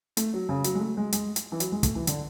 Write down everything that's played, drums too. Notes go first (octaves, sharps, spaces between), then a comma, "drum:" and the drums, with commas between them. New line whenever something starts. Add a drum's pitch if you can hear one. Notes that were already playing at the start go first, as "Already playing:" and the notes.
A3, drum: hi-hat
F#3
C#3
F#3, drum: hi-hat
G#3
A3
G#3
G#3, drum: hi-hat
drum: hi-hat
E3
F#3, drum: hi-hat
G#3
A3, drum: kick, hi-hat
E3
D3, drum: hi-hat